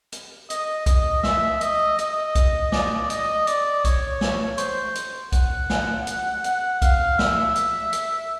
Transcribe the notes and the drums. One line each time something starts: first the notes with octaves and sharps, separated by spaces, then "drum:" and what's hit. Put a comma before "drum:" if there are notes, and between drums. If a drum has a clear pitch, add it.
drum: hi-hat
D#5, drum: hi-hat
D#5, drum: kick B1, hi-hat
E5, drum: snare
D#5, drum: hi-hat
D#5, drum: hi-hat
drum: kick B1, hi-hat
D5, drum: snare
D#5, drum: hi-hat
D5, drum: hi-hat
C#5, drum: kick B1, hi-hat
drum: snare
C5, drum: hi-hat
drum: hi-hat
F#5, drum: kick B1, hi-hat
drum: snare
drum: hi-hat
F#5, drum: hi-hat
F5, drum: kick B1, hi-hat
E5, drum: snare
drum: hi-hat
drum: hi-hat